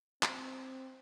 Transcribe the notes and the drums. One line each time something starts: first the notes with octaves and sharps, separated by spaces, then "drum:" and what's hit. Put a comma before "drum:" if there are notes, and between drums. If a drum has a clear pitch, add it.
C4, drum: clap